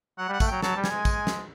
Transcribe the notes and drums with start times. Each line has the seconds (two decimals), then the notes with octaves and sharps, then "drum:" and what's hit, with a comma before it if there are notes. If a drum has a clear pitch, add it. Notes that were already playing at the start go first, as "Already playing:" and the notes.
0.18 F#3 F#5
0.29 G3 F#5
0.40 A3, drum: kick, tambourine
0.48 F#3 G5
0.62 F#3 A5, drum: snare
0.76 G3
0.84 G#5, drum: snare
0.91 G#3
1.05 drum: kick, tambourine
1.27 drum: snare